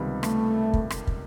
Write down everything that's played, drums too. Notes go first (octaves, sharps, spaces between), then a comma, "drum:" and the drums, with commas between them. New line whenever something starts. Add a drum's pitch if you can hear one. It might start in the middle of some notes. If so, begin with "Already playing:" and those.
Already playing: C#2 C3 D#3 G3 B3
A3, drum: rim click
drum: kick
drum: rim click
drum: kick